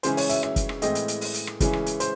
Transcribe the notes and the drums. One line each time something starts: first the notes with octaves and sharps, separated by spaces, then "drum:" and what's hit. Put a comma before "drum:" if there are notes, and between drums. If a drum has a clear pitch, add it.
C#3 E3 G#3 C#4 C5, drum: hi-hat
C#5, drum: open hi-hat
E5, drum: hi-hat
E5, drum: rim click
drum: kick, hi-hat
drum: rim click
A2 E3 G#3 C4 D#5, drum: hi-hat
drum: hi-hat
drum: hi-hat
drum: open hi-hat
drum: hi-hat
drum: rim click
C#3 E3 G#3 C#4, drum: kick, hi-hat
drum: rim click
drum: hi-hat
C5, drum: hi-hat